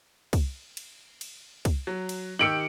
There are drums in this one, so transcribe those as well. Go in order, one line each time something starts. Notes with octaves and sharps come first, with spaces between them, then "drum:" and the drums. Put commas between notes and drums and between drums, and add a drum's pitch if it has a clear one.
drum: kick, cymbal
drum: cymbal
drum: cymbal
drum: kick, cymbal
F#3
drum: cymbal
D#3 G4 E6 C#7 D7 F#7